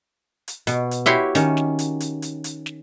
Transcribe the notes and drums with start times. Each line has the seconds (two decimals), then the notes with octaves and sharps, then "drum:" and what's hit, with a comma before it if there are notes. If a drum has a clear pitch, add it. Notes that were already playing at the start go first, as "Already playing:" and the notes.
0.48 drum: hi-hat
0.67 B2, drum: hi-hat
0.91 drum: hi-hat
1.06 E4 F#4 G4 C#5 C6
1.35 D#3 C#4, drum: hi-hat
1.57 drum: snare
1.79 drum: hi-hat
2.00 drum: hi-hat
2.22 drum: hi-hat
2.44 drum: hi-hat
2.66 drum: snare